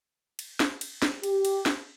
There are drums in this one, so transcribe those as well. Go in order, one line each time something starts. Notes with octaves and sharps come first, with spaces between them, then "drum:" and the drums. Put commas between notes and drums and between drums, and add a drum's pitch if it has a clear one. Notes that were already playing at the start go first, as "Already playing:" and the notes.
drum: cymbal
drum: snare
drum: cymbal
drum: snare
G4, drum: cymbal
drum: cymbal
drum: snare